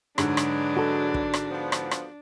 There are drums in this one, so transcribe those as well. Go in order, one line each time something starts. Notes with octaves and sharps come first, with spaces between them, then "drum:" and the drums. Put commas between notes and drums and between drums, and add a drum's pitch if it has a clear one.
G#2 D3 F#3 G#3 D4 B4, drum: rim click
drum: rim click
F#4 A4
drum: kick
drum: rim click
F3 B3
drum: rim click
drum: rim click